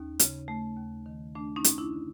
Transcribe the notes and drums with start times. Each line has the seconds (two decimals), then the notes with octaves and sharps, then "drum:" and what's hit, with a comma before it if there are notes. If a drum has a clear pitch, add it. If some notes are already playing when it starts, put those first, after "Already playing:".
Already playing: D#2 C#4 D#4
0.19 C#3, drum: hi-hat
0.48 A3
0.77 D#2
1.06 D#3
1.35 A3 D4
1.56 C#4 D#4
1.64 F#2, drum: hi-hat
1.78 D4 E4
1.93 D3